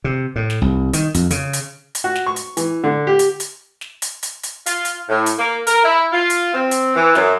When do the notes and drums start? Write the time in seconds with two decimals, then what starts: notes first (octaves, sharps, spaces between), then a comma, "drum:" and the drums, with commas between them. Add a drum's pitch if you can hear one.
0.04 C3
0.36 A2
0.50 drum: snare
0.62 C2
0.93 D#3, drum: hi-hat
1.14 F2, drum: hi-hat
1.31 C#3, drum: hi-hat
1.53 drum: hi-hat
1.95 drum: hi-hat
2.04 F#4
2.15 drum: snare
2.27 C#6
2.36 drum: hi-hat
2.57 E3, drum: hi-hat
2.84 D3
3.07 G4
3.19 drum: hi-hat
3.40 drum: hi-hat
3.81 drum: snare
4.02 drum: hi-hat
4.23 drum: hi-hat
4.43 drum: hi-hat
4.66 F4, drum: hi-hat
4.85 drum: hi-hat
5.09 A2
5.26 drum: hi-hat
5.38 A#3
5.67 A#4, drum: hi-hat
5.84 E4
6.13 F4
6.30 drum: hi-hat
6.53 C4
6.71 drum: hi-hat
6.96 E3
7.15 F#2, drum: snare